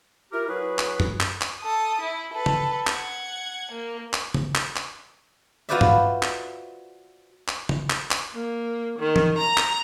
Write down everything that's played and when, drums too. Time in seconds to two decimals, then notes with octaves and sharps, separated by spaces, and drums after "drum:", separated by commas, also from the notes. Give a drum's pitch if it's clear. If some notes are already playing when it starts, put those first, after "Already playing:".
0.32 E4 F4 G4 A#4
0.48 F#3 E4 F#4 G#4 B4
0.79 drum: clap
1.00 drum: tom F#2
1.21 drum: clap
1.41 drum: clap
1.60 A4 D#6
2.01 E4
2.33 A4 B4
2.46 drum: tom
2.87 F#5 G#6, drum: clap
3.72 A#3
4.14 drum: clap
4.34 drum: tom
4.55 drum: clap
4.76 drum: clap
5.69 F4 F#4 B4 C5 D5 E5
5.81 drum: tom G2
6.23 drum: clap
7.48 drum: clap
7.69 drum: tom
7.90 drum: clap
8.11 drum: clap
8.34 A#3
8.99 D#3
9.16 drum: tom E3
9.38 A#5
9.58 drum: clap